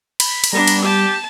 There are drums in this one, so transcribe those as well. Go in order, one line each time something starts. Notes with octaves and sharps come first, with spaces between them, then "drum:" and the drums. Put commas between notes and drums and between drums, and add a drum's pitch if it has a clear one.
B5, drum: cymbal
drum: cymbal
G3 B3 D4 A#5
drum: cymbal
G4 A5